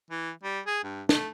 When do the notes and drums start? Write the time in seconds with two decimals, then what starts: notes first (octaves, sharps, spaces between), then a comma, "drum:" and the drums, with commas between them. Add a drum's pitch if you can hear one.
0.11 E3
0.43 G3
0.66 G#4
0.84 G2
1.09 A3, drum: snare